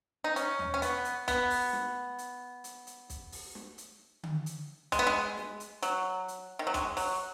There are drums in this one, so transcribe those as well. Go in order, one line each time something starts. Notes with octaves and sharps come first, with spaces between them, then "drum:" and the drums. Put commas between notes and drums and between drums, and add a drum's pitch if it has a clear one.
D#4
C#4, drum: hi-hat
drum: tom D#2
C#4
B3, drum: hi-hat
drum: hi-hat
B3, drum: kick, hi-hat
drum: open hi-hat
drum: snare
drum: hi-hat
drum: hi-hat
drum: hi-hat
drum: kick, hi-hat
drum: open hi-hat
drum: snare
drum: hi-hat
drum: tom D3
drum: hi-hat
G#3, drum: kick, hi-hat
B3
G#3
drum: snare
drum: hi-hat
F#3, drum: hi-hat
drum: hi-hat
D#3
F#3
G#3, drum: kick, hi-hat
F#3, drum: open hi-hat